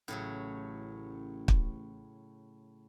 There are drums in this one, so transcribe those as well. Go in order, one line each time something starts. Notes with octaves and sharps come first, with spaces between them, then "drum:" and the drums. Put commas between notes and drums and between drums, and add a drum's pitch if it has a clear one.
A1 A2 C#3 F#3
drum: kick